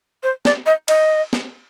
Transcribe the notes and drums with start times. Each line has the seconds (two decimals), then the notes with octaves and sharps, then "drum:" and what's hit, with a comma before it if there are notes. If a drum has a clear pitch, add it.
0.23 C5
0.45 D5, drum: snare
0.66 D#5
0.88 D#5, drum: cymbal
1.33 drum: snare